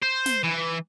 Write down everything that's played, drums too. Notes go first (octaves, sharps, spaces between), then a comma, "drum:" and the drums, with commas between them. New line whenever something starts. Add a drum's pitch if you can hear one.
C5
drum: snare
E3